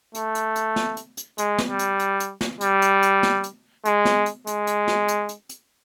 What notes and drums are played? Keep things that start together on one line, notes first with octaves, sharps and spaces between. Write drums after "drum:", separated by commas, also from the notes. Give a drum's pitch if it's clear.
A3, drum: hi-hat
drum: hi-hat
drum: hi-hat
drum: snare
drum: hi-hat
drum: hi-hat
G#3, drum: hi-hat
drum: snare
G3
drum: hi-hat
drum: hi-hat
drum: hi-hat
drum: snare
G3, drum: hi-hat
drum: hi-hat
drum: hi-hat
drum: snare
drum: hi-hat
G#3, drum: hi-hat
drum: snare
drum: hi-hat
G#3, drum: hi-hat
drum: hi-hat
drum: snare
drum: hi-hat
drum: hi-hat
drum: hi-hat